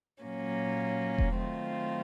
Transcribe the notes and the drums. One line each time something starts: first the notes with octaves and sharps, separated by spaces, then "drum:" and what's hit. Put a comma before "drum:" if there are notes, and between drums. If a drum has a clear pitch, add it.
A#2 F#3 A#3 C#4
drum: kick E1
D#3 F#3 A3 C4 F4